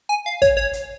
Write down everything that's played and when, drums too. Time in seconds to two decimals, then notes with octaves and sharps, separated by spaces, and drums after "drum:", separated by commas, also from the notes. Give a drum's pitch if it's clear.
0.09 G#5
0.26 F5
0.42 C#5, drum: kick, hi-hat
0.57 C#5
0.73 drum: hi-hat